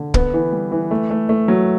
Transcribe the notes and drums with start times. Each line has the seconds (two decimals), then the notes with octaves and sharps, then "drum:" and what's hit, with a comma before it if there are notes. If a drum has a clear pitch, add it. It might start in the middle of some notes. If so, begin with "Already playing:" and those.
Already playing: D3
0.14 B3, drum: kick
0.34 E3
0.52 G3
0.71 E3
0.91 A3
1.11 A3
1.29 A3
1.48 F#3